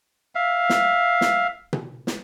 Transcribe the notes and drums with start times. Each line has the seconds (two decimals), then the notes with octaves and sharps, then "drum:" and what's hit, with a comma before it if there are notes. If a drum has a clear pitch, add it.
0.35 E5 F5
0.70 drum: snare
1.21 drum: snare
1.73 drum: tom B2
2.07 drum: snare